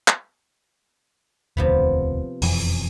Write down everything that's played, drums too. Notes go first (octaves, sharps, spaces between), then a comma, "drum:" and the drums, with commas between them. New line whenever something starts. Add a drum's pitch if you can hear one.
drum: clap
E1 D2 C3 F3 B3
E1 F2 E3, drum: open hi-hat